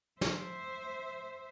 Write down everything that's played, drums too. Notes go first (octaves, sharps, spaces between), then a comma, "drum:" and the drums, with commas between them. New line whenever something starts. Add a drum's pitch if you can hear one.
C5 E5, drum: snare